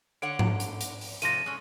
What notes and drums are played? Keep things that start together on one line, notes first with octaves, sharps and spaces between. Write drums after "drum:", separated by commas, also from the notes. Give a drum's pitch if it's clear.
D3 C#5 F#5 D7
drum: tom G#2
drum: hi-hat
drum: hi-hat
drum: open hi-hat
C3 F3 A3 A#6 D#7, drum: hi-hat
G#3 C#4